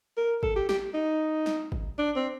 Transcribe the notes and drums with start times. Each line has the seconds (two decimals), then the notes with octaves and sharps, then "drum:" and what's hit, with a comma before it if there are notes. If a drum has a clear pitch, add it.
0.17 A#4
0.43 A4, drum: kick
0.56 G4
0.69 G4, drum: snare
0.94 D#4
1.46 drum: snare
1.72 drum: kick
1.98 D4
2.16 C4